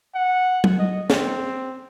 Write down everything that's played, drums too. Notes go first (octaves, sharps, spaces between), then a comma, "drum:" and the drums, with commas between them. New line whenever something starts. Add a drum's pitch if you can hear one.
F#5
drum: tom F#3
D#5
C4, drum: snare